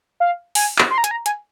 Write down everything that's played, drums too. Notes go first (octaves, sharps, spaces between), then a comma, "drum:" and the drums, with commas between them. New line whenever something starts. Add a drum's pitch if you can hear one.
F5
G#5, drum: open hi-hat
drum: clap
C6
A#5
G#5, drum: hi-hat
A#5
G#5, drum: hi-hat